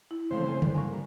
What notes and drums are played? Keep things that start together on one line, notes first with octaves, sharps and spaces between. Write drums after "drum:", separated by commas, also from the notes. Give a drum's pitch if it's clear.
E4
C#3 E3 F3 A3 C4 C5
A3 A4 G#5
G2 D3, drum: tom
D3 A#3 G#5 C#6
G3